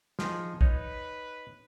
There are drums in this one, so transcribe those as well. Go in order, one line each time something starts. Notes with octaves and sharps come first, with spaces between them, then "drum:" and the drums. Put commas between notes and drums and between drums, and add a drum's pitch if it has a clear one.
F3 D#4 G#4, drum: snare
D#4 B4 C#5, drum: kick